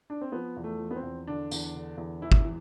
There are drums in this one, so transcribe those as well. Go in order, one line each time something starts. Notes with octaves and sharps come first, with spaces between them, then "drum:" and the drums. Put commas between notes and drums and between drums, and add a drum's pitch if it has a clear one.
D4
C4
F3 B3
E2
A3
F3
B3
C4
E2
D3 D4
E2, drum: tambourine
D3
E2
E3 E4
drum: kick G1
E3